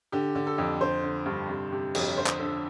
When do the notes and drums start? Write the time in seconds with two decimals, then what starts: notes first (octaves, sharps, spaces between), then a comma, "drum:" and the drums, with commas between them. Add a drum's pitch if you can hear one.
0.12 D3 G4
0.35 D3
0.47 A4
0.58 F2
0.81 D3 C5
1.03 D3
1.26 G2
1.49 C3
1.72 C3
1.95 F2, drum: cymbal
2.17 D3 C5
2.27 drum: clap
2.40 D3 A4